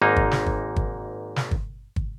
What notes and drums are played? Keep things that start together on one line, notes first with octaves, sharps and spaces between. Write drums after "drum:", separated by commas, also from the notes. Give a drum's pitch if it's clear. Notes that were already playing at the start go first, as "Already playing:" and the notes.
G#1 G#2 A#3 D#4
drum: kick
drum: snare
drum: kick
drum: kick
drum: snare
drum: kick
drum: kick